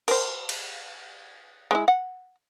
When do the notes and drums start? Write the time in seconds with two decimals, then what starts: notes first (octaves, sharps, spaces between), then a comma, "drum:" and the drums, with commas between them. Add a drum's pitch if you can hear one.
0.08 A#4 C5, drum: cymbal
0.49 drum: cymbal
1.71 G#3 C#4 E4
1.88 F#5